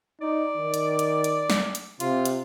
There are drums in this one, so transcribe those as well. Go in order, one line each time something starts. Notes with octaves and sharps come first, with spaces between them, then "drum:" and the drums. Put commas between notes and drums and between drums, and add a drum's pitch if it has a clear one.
D#4 D5
D#3
drum: hi-hat
drum: hi-hat
drum: hi-hat
drum: snare
drum: hi-hat
C3 F4, drum: hi-hat
drum: hi-hat